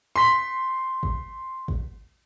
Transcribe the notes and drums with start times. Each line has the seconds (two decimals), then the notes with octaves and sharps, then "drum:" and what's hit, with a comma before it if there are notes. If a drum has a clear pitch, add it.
0.16 C6 B6
1.03 drum: kick
1.68 drum: kick